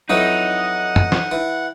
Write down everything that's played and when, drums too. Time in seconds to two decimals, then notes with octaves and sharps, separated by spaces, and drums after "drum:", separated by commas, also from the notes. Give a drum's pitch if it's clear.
0.10 F2 E3 F#3 D#4 F#5
0.96 drum: tom
1.12 drum: snare
1.31 E3